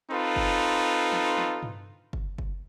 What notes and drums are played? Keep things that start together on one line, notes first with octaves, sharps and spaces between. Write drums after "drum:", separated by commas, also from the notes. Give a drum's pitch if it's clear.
C4 D#4 F4 A4 B4
drum: kick F#1
drum: snare
drum: snare
drum: tom
drum: kick F#1
drum: kick F#1